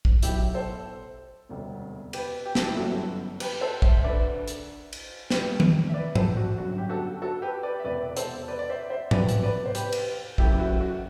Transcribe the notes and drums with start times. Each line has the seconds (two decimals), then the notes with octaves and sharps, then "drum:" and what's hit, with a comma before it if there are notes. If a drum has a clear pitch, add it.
0.05 drum: kick A#1
0.23 B1 A2 F#3 A3 E4 G4, drum: hi-hat
0.54 A4 C5
1.49 E1 D2 C3 G3
2.13 G4 B4, drum: cymbal
2.46 G4
2.55 A4, drum: snare
2.65 E4 G4
2.77 G1 F#2 E3 G3 F#4 A4
3.40 G4 B4, drum: cymbal
3.61 A4 C5
3.82 C5 E5, drum: kick A#1
3.99 E5
4.04 D2 D3 A3 B4 D5
4.48 drum: hi-hat
4.93 drum: cymbal
5.30 C2 C3 G3 G4 B4, drum: snare
5.60 drum: tom D#3
5.89 E5
5.94 B4 D5
6.15 A4 C5, drum: tom G#2
6.37 F#4
6.58 G1 F#2 D3 F#3 A3 F#4
6.78 G4
6.89 F#4 A4
7.22 F#4 A4
7.42 G4 B4
7.63 B4 D5
7.80 E5
7.84 E1 E2 C3 B4 D5
8.17 A4 C5, drum: hi-hat
8.48 B4 D5
8.59 D5
8.69 C5 E5
8.90 C5 E5
9.11 E2 C3 F#3 A3 B4 D5, drum: tom G#2
9.29 drum: hi-hat
9.43 B4 D5
9.66 C5
9.75 G4 B4, drum: hi-hat
9.92 drum: cymbal
10.38 F#1 F#2 E3 A3 E4 G4, drum: kick A#1
10.53 E4
10.59 F#4
10.81 F#4